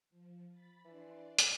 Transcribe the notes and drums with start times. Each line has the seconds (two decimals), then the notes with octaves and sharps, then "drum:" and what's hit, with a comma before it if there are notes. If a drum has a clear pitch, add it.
0.10 F3
0.51 B5 A6
0.85 E3 D4 D5 C6
1.39 drum: hi-hat